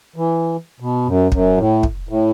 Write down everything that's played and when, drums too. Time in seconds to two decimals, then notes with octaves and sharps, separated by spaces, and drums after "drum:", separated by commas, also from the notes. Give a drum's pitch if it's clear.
0.16 E3
0.80 B2
1.07 F#2
1.32 F#2, drum: kick
1.57 A2
1.83 drum: kick
2.09 A2